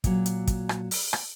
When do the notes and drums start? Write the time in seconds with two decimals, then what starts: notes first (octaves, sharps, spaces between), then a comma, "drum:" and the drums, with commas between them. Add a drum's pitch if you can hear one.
0.04 A#2 F#3, drum: kick, hi-hat
0.26 drum: hi-hat
0.47 drum: kick, hi-hat
0.69 drum: rim click
0.91 drum: open hi-hat
1.13 drum: rim click